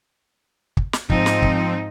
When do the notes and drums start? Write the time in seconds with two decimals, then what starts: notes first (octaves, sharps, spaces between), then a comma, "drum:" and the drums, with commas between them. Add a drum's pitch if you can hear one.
0.77 drum: kick
0.93 drum: snare
1.10 G#2 F3 C4 D#4, drum: kick
1.26 drum: snare
1.42 drum: kick